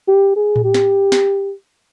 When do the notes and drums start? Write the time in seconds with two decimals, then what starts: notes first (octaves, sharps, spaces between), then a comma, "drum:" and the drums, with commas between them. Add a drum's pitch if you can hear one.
0.08 G4
0.36 G#4
0.56 drum: tom A2
0.65 G4
0.74 drum: snare
1.12 drum: snare